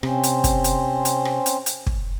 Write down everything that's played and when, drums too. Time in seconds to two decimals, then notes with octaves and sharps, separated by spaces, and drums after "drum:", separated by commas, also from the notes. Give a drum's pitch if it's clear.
0.03 C3 C4 C#4 C5, drum: rim click
0.23 drum: hi-hat
0.44 drum: kick, hi-hat
0.64 drum: hi-hat
1.05 drum: hi-hat
1.25 drum: rim click
1.46 drum: hi-hat
1.66 drum: hi-hat
1.86 drum: kick